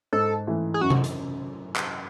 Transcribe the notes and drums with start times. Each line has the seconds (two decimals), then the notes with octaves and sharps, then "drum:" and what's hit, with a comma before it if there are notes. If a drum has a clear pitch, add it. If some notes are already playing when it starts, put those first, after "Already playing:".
0.13 G#2 A4
0.47 E3 A3
0.74 G#4
0.81 F#2 F#4
0.90 drum: tom C3
1.04 drum: hi-hat
1.76 drum: clap